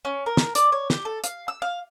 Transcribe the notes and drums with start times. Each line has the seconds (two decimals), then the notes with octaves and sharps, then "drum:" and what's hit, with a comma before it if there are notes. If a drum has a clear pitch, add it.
0.05 C#4
0.26 A#4
0.37 drum: snare
0.55 D5, drum: hi-hat
0.72 C#5
0.90 G4, drum: snare
1.05 A4
1.24 F5, drum: hi-hat
1.48 E6
1.62 F5